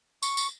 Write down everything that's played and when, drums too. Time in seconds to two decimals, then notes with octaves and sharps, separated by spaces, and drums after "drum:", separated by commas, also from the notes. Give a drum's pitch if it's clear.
0.23 C#6, drum: tambourine
0.37 drum: tambourine